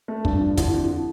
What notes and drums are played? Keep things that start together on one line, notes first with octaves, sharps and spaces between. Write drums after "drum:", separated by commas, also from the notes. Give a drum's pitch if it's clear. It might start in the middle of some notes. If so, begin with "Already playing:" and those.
A3
G2 D4, drum: kick
F3
D3 E4, drum: kick, hi-hat
F2 F4
E4